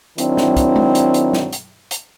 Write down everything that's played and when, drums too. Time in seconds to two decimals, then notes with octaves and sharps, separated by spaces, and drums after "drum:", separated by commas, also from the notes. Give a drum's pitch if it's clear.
0.18 D#3 F#3 C4 D4 E4, drum: hi-hat
0.37 drum: snare
0.57 drum: kick, hi-hat
0.76 drum: tom G#3
0.95 drum: hi-hat
1.14 drum: hi-hat
1.33 drum: snare
1.53 drum: hi-hat
1.91 drum: hi-hat